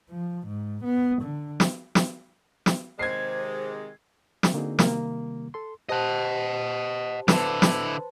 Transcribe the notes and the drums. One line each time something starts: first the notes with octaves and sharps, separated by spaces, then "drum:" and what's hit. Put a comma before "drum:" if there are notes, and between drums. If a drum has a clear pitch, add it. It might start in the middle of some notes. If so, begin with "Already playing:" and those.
F3
G#2
B3
D3
drum: snare
drum: snare
drum: snare
C3 D#3 G#3 C5 G#6 C7
drum: snare
D3 A#3 C4 D#4 F#4 G#4
C3 D#3 G3 A#3, drum: snare
A4 C6
G4 C5 D#5 F#5 A5
D3 E4 B4 C5 A5, drum: snare
drum: snare